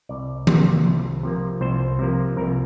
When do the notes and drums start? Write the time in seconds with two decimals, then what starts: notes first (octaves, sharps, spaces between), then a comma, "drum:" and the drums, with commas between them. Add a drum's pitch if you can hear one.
0.09 C2 D5
0.47 C3 F3 A#3, drum: tom D#3
0.86 C2
1.23 C3 F3 A#3
1.61 C2 C5
1.99 C3 F3 A#3
2.37 C2 A#4